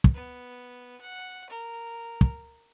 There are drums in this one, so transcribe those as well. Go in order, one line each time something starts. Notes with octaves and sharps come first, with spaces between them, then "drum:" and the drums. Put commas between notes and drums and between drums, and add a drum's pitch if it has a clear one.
drum: kick
B3
F#5
A#4
drum: kick